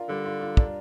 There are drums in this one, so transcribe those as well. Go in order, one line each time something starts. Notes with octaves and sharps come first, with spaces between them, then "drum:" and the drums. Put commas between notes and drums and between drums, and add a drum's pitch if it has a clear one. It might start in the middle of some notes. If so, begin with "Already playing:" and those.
Already playing: D4 F4 A#4
D3 G3
F4
F4
D4, drum: kick